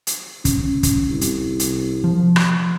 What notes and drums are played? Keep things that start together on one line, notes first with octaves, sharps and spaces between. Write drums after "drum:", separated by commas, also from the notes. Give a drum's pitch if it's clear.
drum: hi-hat
C#4, drum: kick, hi-hat
drum: kick, hi-hat
C2
drum: hi-hat
drum: hi-hat
F3
drum: rim click